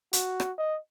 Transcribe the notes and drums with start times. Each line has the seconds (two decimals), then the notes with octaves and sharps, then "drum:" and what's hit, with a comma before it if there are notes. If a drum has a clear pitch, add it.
0.13 F#4, drum: hi-hat
0.40 drum: rim click
0.58 D#5